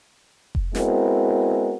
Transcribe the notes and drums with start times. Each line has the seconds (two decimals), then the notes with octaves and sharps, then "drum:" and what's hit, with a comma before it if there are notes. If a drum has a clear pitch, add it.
0.55 drum: kick F1
0.75 G#3 B3 C4 E4 F#4 A#4, drum: snare